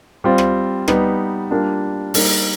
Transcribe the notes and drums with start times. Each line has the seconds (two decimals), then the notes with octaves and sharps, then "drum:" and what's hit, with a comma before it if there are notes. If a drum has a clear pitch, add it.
0.24 G3 C4 F4
0.38 drum: rim click
0.88 G3 B3 D#4, drum: rim click
1.51 G3 A#3 D4 F4
2.14 G3 A#3 D#4, drum: open hi-hat